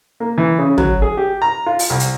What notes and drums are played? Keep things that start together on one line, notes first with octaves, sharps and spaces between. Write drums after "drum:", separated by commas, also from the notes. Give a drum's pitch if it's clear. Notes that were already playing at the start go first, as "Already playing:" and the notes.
A#3
E3
C#3
F#3, drum: tom
G#4
G4
A#5
F4
drum: open hi-hat
C2
drum: hi-hat